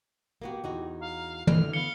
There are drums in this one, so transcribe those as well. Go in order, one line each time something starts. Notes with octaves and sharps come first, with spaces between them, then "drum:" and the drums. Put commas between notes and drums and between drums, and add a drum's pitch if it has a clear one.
A#3 B3 F#4 G4
E2 D#4 F#4
F5 A#5
F#2 D3 E3 E4 F6, drum: tom
B3 F5 C#7 G7